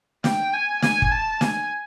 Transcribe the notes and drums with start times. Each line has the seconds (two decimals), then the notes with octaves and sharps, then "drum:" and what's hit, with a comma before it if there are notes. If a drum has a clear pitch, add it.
0.24 G5, drum: snare
0.53 G#5
0.82 G#5, drum: snare
1.02 drum: kick
1.12 A5
1.41 G#5, drum: snare